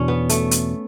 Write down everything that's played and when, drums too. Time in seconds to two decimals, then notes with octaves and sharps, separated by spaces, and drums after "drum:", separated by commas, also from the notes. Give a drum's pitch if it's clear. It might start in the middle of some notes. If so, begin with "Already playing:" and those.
Already playing: E2 B2 C#4 D4
0.08 B3
0.29 A3, drum: hi-hat
0.51 drum: hi-hat